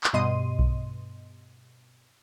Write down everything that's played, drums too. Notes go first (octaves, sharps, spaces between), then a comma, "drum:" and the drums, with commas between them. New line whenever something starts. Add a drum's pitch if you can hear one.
drum: clap
G2 B2 D#5 C6 D#7
drum: kick B1